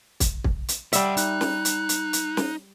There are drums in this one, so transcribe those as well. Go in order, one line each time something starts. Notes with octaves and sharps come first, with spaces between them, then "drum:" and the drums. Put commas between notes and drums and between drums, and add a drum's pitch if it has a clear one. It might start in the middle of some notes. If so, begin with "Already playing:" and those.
drum: kick, hi-hat
drum: kick
drum: hi-hat
G3 D5 E5 F#5, drum: hi-hat
D#4 F#6, drum: hi-hat
drum: snare
drum: hi-hat
drum: hi-hat
drum: hi-hat
drum: snare